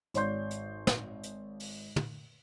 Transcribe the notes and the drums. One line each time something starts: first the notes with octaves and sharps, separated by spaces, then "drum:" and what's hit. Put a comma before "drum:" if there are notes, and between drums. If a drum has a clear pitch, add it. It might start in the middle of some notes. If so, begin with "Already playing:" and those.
G#1 C#5 D5 C6 G6, drum: hi-hat
drum: hi-hat
drum: snare
drum: hi-hat
drum: open hi-hat
drum: tom